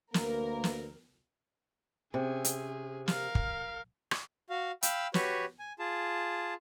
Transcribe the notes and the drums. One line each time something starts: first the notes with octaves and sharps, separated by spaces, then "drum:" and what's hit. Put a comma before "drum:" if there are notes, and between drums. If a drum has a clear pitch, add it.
D2 A#3 A#4 B4, drum: snare
drum: snare
C3 C#4 G#4
drum: hi-hat
A#4 F5, drum: snare
drum: kick
drum: rim click
F#4 F5
F5 G5 B5 E6, drum: hi-hat
F#4 G4 B4 C#5, drum: snare
G#5
F4 G#4 A5